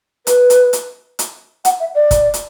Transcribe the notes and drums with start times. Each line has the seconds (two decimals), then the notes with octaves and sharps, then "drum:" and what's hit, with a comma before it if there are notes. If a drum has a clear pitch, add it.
0.27 B4, drum: hi-hat
0.50 drum: hi-hat
0.73 drum: hi-hat
1.19 drum: hi-hat
1.65 F#5, drum: hi-hat
1.80 E5
1.95 D5
2.11 drum: kick, hi-hat
2.34 drum: hi-hat